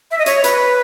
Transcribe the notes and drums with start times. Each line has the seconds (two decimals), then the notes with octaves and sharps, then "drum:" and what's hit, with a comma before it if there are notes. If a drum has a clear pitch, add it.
0.11 E5
0.19 D#5
0.26 C#5, drum: hi-hat
0.44 B4, drum: hi-hat